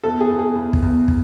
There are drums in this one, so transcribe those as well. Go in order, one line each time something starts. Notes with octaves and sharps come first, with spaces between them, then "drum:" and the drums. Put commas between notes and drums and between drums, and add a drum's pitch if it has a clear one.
E2 A4
G#4
E2
G#4
E2
drum: kick
E2
drum: kick